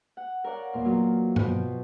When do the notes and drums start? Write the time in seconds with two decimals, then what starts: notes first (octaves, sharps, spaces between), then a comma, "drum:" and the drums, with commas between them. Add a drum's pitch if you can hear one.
0.17 F#5
0.44 A#4 C#5 D5 F5 F#5
0.73 E2 A#2 F5 C6
0.85 E3 F#3 A#3 F4
1.36 B2 B4 C5 G5, drum: tom G2